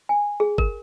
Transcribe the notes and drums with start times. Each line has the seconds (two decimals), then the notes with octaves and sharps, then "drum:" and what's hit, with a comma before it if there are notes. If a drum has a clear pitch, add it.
0.09 G#5
0.40 G#4
0.58 A#4, drum: kick G1